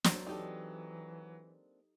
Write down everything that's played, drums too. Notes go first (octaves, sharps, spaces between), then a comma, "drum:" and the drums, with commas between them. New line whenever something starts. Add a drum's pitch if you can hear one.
F#3 A#3 C4 D4, drum: snare
E3 D#4 G4 A4